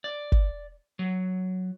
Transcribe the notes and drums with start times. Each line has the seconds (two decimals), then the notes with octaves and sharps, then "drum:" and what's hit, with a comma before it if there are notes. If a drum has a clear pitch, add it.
0.04 D5
0.32 drum: kick G1
0.99 F#3